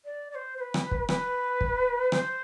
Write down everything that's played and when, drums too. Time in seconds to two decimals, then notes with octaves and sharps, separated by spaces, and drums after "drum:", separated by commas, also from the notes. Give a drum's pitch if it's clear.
0.05 D5
0.31 D5
0.35 C5
0.57 C5
0.61 B4
0.74 drum: rim click
0.91 drum: kick
1.09 B4, drum: rim click
1.61 drum: kick
2.12 C5, drum: rim click